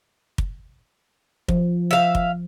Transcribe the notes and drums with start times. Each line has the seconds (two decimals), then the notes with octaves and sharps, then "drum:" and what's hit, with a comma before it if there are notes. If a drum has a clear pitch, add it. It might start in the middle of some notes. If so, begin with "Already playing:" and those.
0.38 drum: kick
1.48 F3, drum: kick
1.91 E5 F5
2.15 drum: kick